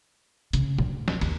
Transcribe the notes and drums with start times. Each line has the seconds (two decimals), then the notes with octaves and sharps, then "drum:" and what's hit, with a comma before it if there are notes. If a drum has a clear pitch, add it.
0.53 C#3, drum: hi-hat
0.79 D2, drum: tom A2
1.08 drum: snare
1.21 D#2, drum: cymbal